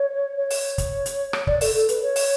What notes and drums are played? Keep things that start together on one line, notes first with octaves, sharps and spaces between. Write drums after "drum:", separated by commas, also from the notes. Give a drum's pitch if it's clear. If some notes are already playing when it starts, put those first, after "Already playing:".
Already playing: C#5
C#5
drum: open hi-hat
drum: kick, hi-hat
drum: hi-hat
drum: rim click
D5, drum: kick
A4, drum: open hi-hat
A4
B4, drum: hi-hat
C#5
drum: open hi-hat